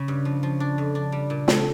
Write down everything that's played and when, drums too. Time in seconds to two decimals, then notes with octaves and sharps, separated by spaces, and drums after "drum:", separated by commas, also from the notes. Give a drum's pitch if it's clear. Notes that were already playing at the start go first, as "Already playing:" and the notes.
Already playing: C#3
0.08 G2
0.25 F3
0.43 F3
0.60 D4
0.78 F2
0.95 D4
1.12 G3
1.30 A#2
1.48 A3, drum: snare